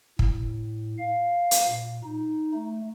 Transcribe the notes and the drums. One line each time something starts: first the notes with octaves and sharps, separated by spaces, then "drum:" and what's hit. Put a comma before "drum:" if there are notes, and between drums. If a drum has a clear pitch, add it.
A2, drum: kick
F5
drum: hi-hat
A#2
D#4
A3